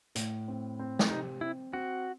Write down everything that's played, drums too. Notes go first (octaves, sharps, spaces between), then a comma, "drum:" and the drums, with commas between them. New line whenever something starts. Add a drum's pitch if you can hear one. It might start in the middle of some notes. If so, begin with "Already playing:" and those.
A2, drum: hi-hat
C4
C4
drum: snare
C3 D#4
C4 E4
C4 F#4